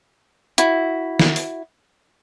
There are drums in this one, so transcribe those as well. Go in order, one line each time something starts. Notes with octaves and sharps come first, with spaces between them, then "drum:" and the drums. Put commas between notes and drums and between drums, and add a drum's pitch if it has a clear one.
E4 F#4, drum: hi-hat
drum: snare
drum: open hi-hat